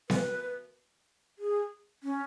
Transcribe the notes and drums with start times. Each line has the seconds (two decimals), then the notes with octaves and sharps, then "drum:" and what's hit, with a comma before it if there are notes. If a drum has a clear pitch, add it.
0.10 B4, drum: snare B3
1.39 G#4
2.03 C#4